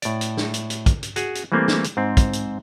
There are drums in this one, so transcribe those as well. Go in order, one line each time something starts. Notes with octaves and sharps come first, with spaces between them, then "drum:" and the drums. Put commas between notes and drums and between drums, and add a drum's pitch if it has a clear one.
A2 D5, drum: hi-hat
drum: hi-hat
drum: snare
drum: hi-hat
drum: hi-hat
drum: kick, hi-hat
drum: hi-hat
F#4 G#4, drum: hi-hat
drum: hi-hat
E3 G3 A3 A#3 C4
drum: snare
drum: hi-hat
G#2 C4
drum: kick, hi-hat
drum: hi-hat